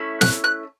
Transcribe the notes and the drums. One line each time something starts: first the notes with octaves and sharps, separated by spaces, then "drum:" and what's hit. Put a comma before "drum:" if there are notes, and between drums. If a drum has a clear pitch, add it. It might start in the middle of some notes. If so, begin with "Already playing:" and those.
Already playing: A3 C#4 E4
F#6, drum: snare
F#6